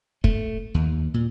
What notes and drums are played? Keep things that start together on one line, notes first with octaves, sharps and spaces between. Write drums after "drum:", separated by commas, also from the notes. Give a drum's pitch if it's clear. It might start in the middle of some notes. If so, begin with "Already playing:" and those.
A3, drum: kick
D#2
A#2